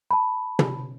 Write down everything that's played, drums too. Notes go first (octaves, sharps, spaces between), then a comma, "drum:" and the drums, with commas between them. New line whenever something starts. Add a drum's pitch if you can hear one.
A5 B5
drum: tom